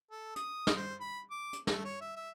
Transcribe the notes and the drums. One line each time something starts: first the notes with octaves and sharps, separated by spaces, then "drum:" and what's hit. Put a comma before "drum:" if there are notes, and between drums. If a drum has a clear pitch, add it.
A4
D#6, drum: hi-hat
drum: snare
C5
B5
D6
drum: hi-hat
A3, drum: snare
C#5
E5
E5